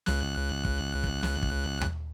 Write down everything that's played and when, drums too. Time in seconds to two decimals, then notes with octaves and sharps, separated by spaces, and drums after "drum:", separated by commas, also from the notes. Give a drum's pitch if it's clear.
0.06 C#2 F#6, drum: snare
0.65 drum: kick
1.04 drum: kick
1.23 drum: snare
1.43 drum: kick
1.81 drum: tom D#2